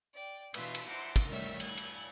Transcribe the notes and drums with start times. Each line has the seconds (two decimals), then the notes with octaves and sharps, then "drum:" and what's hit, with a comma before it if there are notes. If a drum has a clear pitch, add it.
0.15 D5 G5
0.54 B2 E3 D4 F4 B4 E5, drum: cymbal
0.75 drum: cymbal
0.89 C5 E5 F#5 A#5 C6 D6
1.16 drum: kick, cymbal
1.27 D#3 G3 A3 C#5 E5
1.60 F#6 G#6, drum: cymbal
1.78 drum: cymbal